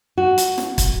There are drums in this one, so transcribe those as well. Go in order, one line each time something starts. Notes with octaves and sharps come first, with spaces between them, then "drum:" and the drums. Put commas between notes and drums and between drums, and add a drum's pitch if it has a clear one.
F#4
drum: hi-hat
drum: snare
drum: kick, hi-hat